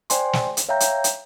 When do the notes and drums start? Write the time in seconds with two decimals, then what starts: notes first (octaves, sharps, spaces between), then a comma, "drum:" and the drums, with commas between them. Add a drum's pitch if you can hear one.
0.10 C5 D5 G5 G#5 C6, drum: hi-hat
0.33 drum: snare
0.57 drum: hi-hat
0.69 C#5 E5 F5 G5 A#5 G6
0.80 drum: hi-hat
1.04 drum: hi-hat